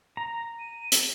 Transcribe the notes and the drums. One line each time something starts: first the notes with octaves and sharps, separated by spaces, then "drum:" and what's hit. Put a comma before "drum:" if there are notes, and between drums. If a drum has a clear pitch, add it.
A#5
D#7
drum: hi-hat